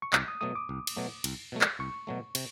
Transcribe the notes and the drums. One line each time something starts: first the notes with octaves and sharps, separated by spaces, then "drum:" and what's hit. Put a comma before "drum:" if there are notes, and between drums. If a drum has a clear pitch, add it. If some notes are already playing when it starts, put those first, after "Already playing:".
C#6
C2 D6, drum: clap
D#6
B2 F#3 A3 D#6
D6
C2
drum: cymbal
B2 F#3 A3
C2, drum: cymbal
B2 F#3 A3
drum: clap
C2 C#6
B2 F#3 A3
C3, drum: cymbal